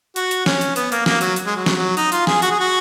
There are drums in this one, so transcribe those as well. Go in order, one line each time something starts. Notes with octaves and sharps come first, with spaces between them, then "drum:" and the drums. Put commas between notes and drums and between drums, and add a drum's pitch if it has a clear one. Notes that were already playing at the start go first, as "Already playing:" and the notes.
F#4, drum: hi-hat
drum: hi-hat
C#4, drum: snare
drum: hi-hat
B3, drum: hi-hat
A#3, drum: hi-hat
A#3, drum: snare
F#3, drum: hi-hat
drum: hi-hat
G#3
F#3
drum: snare
F#3
D#4, drum: hi-hat
F4, drum: hi-hat
G#4, drum: snare
F#4, drum: hi-hat
G#4
F#4